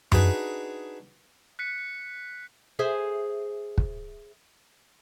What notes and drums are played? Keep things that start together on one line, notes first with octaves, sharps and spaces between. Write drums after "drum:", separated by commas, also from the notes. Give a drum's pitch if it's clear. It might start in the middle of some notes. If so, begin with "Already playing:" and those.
D4 D#4 F#4 G#4 B4, drum: tom F#2
F#6 B6 C#7
G#4 C5 E5
drum: kick